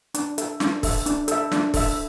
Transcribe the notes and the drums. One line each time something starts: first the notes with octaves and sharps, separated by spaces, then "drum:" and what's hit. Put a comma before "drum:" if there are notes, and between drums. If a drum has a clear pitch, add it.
D4, drum: hi-hat
A4 E5, drum: hi-hat
D4, drum: snare
A4 E5, drum: kick, open hi-hat
D4, drum: hi-hat
A4 E5, drum: hi-hat
D4, drum: snare
A4 E5, drum: kick, open hi-hat